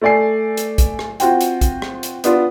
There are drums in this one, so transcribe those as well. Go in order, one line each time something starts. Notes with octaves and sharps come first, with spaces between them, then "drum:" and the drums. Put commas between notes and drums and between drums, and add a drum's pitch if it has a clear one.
A3 A4 D5 G#5 C7
drum: hi-hat
drum: kick, hi-hat
drum: rim click
C4 F4 F#4 C5 G5, drum: hi-hat
drum: hi-hat
drum: kick, hi-hat
drum: rim click
drum: hi-hat
B3 D4 F4, drum: hi-hat